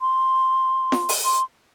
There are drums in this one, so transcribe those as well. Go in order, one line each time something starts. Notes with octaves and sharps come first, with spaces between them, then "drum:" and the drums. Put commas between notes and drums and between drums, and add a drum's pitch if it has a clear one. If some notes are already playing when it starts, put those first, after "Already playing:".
C6
drum: snare
drum: open hi-hat
C6